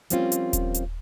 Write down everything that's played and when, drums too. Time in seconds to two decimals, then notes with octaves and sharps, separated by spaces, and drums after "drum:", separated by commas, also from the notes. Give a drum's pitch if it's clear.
0.10 F3 G3 A#3 C4 C#4 F4, drum: hi-hat
0.32 drum: hi-hat
0.53 drum: kick D#1, hi-hat
0.74 drum: hi-hat